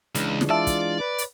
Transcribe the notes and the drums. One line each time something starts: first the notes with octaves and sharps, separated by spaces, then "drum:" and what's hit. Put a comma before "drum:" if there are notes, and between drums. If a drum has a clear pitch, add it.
C#2 E3 G#3 D4, drum: hi-hat
drum: snare
F4 D5 E5 A5 E6
drum: kick, hi-hat
B4
drum: hi-hat